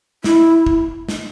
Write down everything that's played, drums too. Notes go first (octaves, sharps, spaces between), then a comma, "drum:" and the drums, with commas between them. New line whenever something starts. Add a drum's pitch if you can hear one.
E4, drum: snare
drum: kick
drum: snare